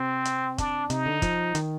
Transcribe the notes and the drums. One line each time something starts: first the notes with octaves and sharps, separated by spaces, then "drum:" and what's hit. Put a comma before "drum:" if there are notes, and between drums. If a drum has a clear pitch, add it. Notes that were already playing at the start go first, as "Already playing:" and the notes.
Already playing: C3 C4
drum: hi-hat
D4, drum: kick, hi-hat
C3 D#4, drum: hi-hat
D3
F3, drum: kick, hi-hat
D#3, drum: hi-hat